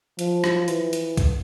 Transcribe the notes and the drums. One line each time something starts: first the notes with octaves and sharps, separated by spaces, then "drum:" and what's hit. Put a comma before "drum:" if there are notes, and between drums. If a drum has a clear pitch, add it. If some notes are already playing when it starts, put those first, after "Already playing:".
F3, drum: hi-hat
drum: rim click
E3, drum: hi-hat
drum: hi-hat
drum: kick C2, hi-hat